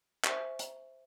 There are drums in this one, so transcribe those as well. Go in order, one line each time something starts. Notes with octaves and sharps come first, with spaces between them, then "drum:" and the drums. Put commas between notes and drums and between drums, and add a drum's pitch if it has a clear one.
C5 E5 G#5 C#6, drum: clap
drum: hi-hat